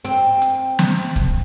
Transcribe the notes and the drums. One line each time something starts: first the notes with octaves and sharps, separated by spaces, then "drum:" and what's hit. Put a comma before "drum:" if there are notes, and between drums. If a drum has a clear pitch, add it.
C4, drum: hi-hat
drum: hi-hat
drum: snare
drum: kick, hi-hat